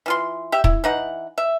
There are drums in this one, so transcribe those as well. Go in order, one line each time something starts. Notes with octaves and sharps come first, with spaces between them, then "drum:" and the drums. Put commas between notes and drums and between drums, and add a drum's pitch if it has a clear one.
E3 F4 C6
G4 E5
E4, drum: kick
E3 D#4 F#5
E5